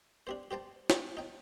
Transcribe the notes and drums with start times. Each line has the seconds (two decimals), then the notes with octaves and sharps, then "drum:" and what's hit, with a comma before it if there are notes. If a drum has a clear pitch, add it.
0.27 D4 G4 C5
0.51 G4 C5 G5 A5
0.90 drum: snare
1.17 D#4 G5